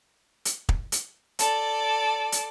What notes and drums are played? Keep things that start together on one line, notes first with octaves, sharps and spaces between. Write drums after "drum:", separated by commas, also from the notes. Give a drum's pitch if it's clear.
drum: hi-hat
drum: kick
drum: hi-hat
A4 D5, drum: hi-hat
drum: hi-hat